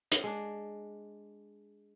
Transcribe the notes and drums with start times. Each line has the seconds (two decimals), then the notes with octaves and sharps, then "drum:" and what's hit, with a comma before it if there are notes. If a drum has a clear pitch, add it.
0.12 drum: hi-hat
0.24 G#3 D4